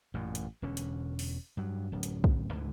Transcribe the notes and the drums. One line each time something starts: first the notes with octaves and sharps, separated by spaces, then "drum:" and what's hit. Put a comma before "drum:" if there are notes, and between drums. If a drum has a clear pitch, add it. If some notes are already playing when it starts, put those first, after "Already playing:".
A1 F#2 A#2
drum: hi-hat
E1 D3 C#4
drum: hi-hat
drum: open hi-hat
G2 F#3
D1 F#2
drum: hi-hat
drum: kick
C#2 G#2 D3 E3